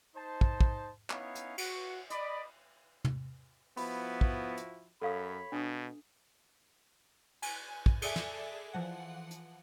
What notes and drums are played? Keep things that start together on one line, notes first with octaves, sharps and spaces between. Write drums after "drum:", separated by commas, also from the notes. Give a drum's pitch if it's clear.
D#4 C5 A5
drum: kick
drum: kick
B3 C#4 D#4 E4 C#5 F5, drum: clap
drum: hi-hat
F#4, drum: cymbal
D5 D#5 B5, drum: hi-hat
drum: tom
F3 B3 E4 F#4 B5, drum: open hi-hat
drum: kick
drum: hi-hat
F#2 A4 C#5 F5 B5 D#6
B2 D4 D#6
G#5, drum: cymbal
drum: kick
G#4 A4 D5 E5 G#5, drum: cymbal
drum: snare
E3 F3 F#5
drum: hi-hat